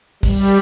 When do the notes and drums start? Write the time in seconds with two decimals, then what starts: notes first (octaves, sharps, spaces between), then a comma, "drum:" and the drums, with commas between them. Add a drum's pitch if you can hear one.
0.23 G3, drum: kick, open hi-hat
0.41 drum: open hi-hat